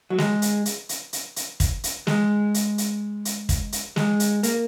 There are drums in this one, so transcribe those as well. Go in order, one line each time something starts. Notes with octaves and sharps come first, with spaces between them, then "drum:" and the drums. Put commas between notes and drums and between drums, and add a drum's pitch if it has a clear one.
F#3
G#3, drum: snare
drum: hi-hat
drum: hi-hat
drum: hi-hat
drum: hi-hat
drum: hi-hat
drum: kick, hi-hat
drum: hi-hat
G#3, drum: snare
drum: hi-hat
drum: hi-hat
drum: hi-hat
drum: kick, hi-hat
drum: hi-hat
G#3, drum: snare
drum: hi-hat
A#3, drum: hi-hat